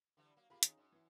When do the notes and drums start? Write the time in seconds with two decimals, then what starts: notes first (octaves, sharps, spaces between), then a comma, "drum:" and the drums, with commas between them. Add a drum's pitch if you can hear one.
0.17 D3 E3 G3
0.37 F#3 A#3
0.50 A#3 F4 G4 G#4 A#4 B5
0.63 D#3 C#4 D#4 F4 G#4, drum: hi-hat
0.77 F#2
0.92 E3